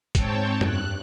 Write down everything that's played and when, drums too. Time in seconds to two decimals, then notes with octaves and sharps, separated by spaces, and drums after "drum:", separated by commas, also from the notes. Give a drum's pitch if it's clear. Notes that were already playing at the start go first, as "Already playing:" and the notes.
0.15 G#2 C4 C#5 G5 A5, drum: kick, hi-hat
0.61 G2 F#6, drum: tom